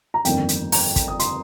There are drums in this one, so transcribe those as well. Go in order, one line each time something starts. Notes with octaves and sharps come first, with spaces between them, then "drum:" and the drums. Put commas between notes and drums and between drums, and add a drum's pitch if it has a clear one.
A#5
G1 F2 D#3 A#3 G5, drum: hi-hat
drum: hi-hat
A#5, drum: open hi-hat
drum: kick, hi-hat
D#6
C6, drum: hi-hat